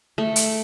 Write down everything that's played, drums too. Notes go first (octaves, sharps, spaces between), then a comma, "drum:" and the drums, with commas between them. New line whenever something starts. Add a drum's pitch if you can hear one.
A3
drum: hi-hat